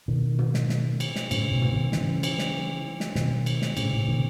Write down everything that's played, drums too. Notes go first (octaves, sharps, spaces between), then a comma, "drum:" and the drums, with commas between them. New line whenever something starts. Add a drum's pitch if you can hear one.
B2 D#3
drum: tom
drum: snare
drum: snare
drum: cymbal
drum: snare
A2 C#3, drum: cymbal
G#2 B2
drum: tom
B2 D#3
C#3 E3, drum: snare
drum: cymbal
drum: snare
drum: snare
B2 D#3, drum: snare
drum: cymbal
drum: snare
A2 C#3, drum: cymbal
A2 C#3
B2 D#3